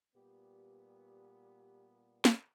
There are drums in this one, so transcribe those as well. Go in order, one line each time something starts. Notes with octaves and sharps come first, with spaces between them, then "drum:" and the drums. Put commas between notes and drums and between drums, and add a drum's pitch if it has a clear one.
A#2 G3 B3 G4
drum: snare